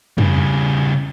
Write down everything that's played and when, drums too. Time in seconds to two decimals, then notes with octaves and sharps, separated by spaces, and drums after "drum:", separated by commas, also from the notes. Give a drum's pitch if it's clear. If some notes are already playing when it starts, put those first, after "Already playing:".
0.18 C#3 G3, drum: tom